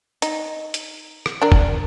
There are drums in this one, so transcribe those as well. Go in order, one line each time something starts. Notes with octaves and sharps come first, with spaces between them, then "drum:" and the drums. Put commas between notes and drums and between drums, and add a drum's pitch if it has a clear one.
D#4, drum: hi-hat
drum: hi-hat
drum: rim click
D4 A#4
drum: kick